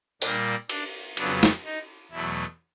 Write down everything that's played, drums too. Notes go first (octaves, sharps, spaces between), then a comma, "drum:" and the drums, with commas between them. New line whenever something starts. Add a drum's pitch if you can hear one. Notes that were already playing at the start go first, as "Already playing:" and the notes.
A#2 G3 A#3 D4, drum: open hi-hat
D4, drum: cymbal
F2 C#3 F#3 B3 D4, drum: cymbal
drum: snare
D#4
E2 B2 F#3 A3 E4